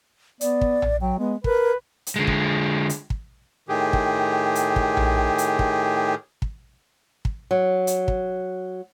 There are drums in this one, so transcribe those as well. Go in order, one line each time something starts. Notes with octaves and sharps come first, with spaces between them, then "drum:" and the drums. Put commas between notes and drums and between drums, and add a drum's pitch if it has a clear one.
B3 D5, drum: hi-hat
drum: kick
drum: tom A#1
F#3 G5
G#3 B3
A#4 B4, drum: kick
drum: hi-hat
D3 G#3
drum: kick
drum: hi-hat
drum: kick
A2 D#3 G4 G#4
drum: kick
drum: hi-hat
drum: kick
drum: tom A#1
drum: hi-hat
drum: kick
drum: kick
drum: kick
F#3
drum: hi-hat
drum: kick